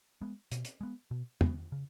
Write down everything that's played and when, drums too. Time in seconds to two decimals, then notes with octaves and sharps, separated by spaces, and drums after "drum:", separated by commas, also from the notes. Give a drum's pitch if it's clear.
0.21 G#3 B3
0.52 B2, drum: hi-hat
0.65 drum: hi-hat
0.81 G#3 B3
1.11 B2
1.41 G#3 B3, drum: tom
1.72 C#3